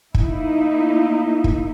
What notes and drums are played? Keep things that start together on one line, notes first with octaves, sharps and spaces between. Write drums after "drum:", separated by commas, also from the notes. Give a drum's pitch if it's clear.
A#3 D#4 E4, drum: kick
drum: kick